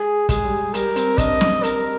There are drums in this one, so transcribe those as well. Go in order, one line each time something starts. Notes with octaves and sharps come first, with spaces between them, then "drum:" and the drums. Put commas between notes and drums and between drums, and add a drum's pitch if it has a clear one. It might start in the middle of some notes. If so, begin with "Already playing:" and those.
Already playing: G#3 G#4
G#3 G#4, drum: kick, hi-hat
G3
G3 A#4, drum: hi-hat
C4, drum: hi-hat
D4 D#5, drum: kick, hi-hat
drum: snare
A#4, drum: hi-hat